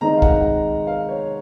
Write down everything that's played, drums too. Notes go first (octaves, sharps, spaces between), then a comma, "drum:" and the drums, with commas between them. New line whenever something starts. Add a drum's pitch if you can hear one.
D#3 G#3 C4 D#4 A#5
F5
F#5, drum: kick
F5
C#5